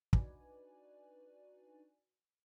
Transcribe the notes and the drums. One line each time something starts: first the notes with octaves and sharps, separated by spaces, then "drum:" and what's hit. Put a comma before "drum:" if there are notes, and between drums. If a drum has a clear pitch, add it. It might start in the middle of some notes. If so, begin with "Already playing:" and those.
D4 D#4 F#4 B4 D5 G#5, drum: kick